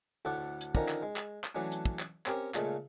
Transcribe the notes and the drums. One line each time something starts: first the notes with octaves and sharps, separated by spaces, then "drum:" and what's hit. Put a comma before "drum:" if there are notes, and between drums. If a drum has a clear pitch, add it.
D2 A2 A4 F#5 C#6 D6
drum: hi-hat
D3 D#3 F3 C#4 A#4 A#5, drum: kick
drum: clap
G#3
drum: clap
drum: clap
E3 F#3 A3 C#4 D4
drum: hi-hat
drum: kick
drum: clap
C4 C#4 G4 A#4 C#5, drum: clap
A#2 C#3 G#3 A3, drum: clap